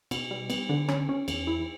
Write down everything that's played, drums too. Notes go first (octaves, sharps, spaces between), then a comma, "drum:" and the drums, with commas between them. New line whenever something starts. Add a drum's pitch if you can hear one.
B2, drum: cymbal
G3
B3, drum: cymbal
D3
C#4, drum: rim click
C#4
E2, drum: cymbal
E4